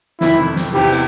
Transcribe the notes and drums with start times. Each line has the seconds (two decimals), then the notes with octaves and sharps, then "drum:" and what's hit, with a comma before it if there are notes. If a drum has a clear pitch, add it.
0.21 F1 F2 C3 D#3 E4, drum: snare
0.56 drum: snare
0.73 E2 C3 E3 G4
0.91 drum: hi-hat